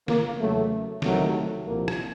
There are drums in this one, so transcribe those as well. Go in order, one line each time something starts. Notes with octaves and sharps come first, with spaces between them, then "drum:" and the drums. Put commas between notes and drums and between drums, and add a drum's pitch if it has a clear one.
A#3, drum: snare
E2 C#3 F#3 A3
C2 C3 D#3 F#3 A3, drum: snare
C2 A#2 F3 A#3
drum: rim click